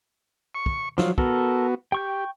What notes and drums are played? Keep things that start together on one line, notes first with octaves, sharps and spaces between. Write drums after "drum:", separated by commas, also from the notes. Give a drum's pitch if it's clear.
C#6
drum: kick
F3 F#3 F4, drum: snare
B3 F#4 A4 A#4, drum: kick
G4 G5 C#6 G6